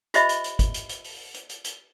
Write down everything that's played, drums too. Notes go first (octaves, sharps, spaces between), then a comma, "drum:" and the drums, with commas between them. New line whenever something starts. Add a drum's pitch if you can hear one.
F4 G4 C5 D#5 E5 B5, drum: hi-hat
drum: hi-hat
drum: hi-hat
drum: kick, hi-hat
drum: hi-hat
drum: hi-hat
drum: open hi-hat
drum: hi-hat
drum: hi-hat
drum: hi-hat